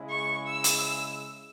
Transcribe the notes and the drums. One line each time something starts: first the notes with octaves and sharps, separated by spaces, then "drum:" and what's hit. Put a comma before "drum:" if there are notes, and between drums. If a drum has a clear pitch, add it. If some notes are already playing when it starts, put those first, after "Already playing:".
Already playing: C#3 G#3 E4
C#6
E6
drum: hi-hat